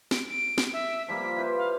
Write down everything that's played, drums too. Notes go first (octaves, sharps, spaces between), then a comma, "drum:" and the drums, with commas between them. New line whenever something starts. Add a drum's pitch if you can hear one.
D7, drum: snare
D7
drum: snare
E5
F3 G3 A#3 B6
E4 B4 C5
F5